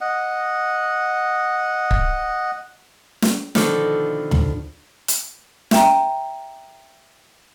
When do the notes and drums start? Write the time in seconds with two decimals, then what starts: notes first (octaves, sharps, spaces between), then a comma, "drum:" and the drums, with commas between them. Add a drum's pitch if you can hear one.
0.01 D#5 F#5
1.91 drum: kick
3.22 drum: snare
3.55 B2 D3 D#3 F3 D4 A4, drum: snare
4.31 drum: tom
5.08 drum: hi-hat
5.71 E5 G5 A#5, drum: snare